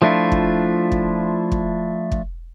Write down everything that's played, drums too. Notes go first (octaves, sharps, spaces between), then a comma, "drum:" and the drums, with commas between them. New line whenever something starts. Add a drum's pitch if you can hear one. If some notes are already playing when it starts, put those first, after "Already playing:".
F3 A3 D4 E4 F4
drum: kick
drum: kick
drum: kick
drum: kick